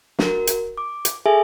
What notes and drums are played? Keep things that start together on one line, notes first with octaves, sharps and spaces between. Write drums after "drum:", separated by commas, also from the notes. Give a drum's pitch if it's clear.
F#4 A#4, drum: snare
drum: hi-hat
D6
drum: hi-hat
G#4 A4 E5 G#5